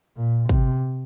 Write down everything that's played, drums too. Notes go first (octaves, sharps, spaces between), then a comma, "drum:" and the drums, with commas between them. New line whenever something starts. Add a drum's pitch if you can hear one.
A#2
C3, drum: kick